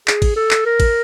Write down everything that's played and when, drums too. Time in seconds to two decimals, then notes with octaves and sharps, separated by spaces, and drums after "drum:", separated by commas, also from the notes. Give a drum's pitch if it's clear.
0.08 G#4, drum: clap
0.22 drum: kick A1, cymbal
0.36 A4
0.51 drum: clap
0.66 A#4
0.80 drum: kick A1, cymbal